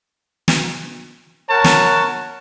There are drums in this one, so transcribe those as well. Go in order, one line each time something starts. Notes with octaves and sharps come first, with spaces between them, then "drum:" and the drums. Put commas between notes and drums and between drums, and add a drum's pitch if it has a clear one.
drum: snare
A#4 C#5 F#5 A5
drum: snare